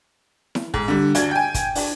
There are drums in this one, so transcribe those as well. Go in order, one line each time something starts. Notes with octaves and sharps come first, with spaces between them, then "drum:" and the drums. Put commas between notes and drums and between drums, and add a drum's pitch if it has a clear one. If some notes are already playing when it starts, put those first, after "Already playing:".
drum: snare E4
G#2, drum: kick
D3 G3
D2 D4 G#6, drum: hi-hat
G5 G#5
drum: kick, hi-hat
D4, drum: open hi-hat